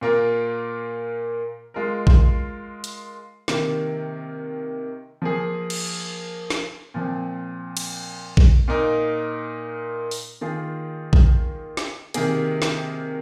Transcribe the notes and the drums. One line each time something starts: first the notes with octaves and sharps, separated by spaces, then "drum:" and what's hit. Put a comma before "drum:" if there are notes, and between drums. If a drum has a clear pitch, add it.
A#2 A#3 F4 A#4
G#3 F4 A#4
drum: kick A#1
drum: hi-hat
C3 D#3 A#3, drum: snare
F3 A#3 G#4
drum: cymbal
drum: snare
A#2 F3 C4
drum: cymbal
drum: kick A#1
A#2 A#3 D#4 A#4
drum: open hi-hat
D#3 A#3 F4 G#4
drum: kick A#1
drum: snare
C3 D#3 A#3 G#4, drum: hi-hat
drum: snare